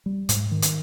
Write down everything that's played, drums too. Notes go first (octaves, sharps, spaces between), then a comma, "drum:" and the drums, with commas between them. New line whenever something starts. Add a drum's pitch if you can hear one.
G3
G#2, drum: hi-hat
D#3
drum: hi-hat